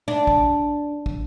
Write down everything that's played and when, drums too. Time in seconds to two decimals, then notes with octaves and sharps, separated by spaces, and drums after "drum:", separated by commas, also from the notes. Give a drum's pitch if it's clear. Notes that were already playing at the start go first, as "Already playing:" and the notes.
0.08 D4
0.27 drum: kick
1.06 drum: kick